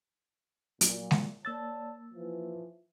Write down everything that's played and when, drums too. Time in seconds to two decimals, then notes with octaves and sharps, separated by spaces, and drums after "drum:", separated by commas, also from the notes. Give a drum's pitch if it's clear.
0.81 A#2 F#3, drum: hi-hat
1.11 drum: snare G#3
1.45 A#3 C#5 D5 A5 E6 A6
2.14 E3 F3